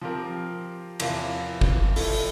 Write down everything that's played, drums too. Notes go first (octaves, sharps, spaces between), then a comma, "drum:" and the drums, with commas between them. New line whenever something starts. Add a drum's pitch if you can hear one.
F3 C4 G4 A#4
E2 C3 F3 A#3 E4, drum: cymbal
drum: kick
F3 A3 E4, drum: open hi-hat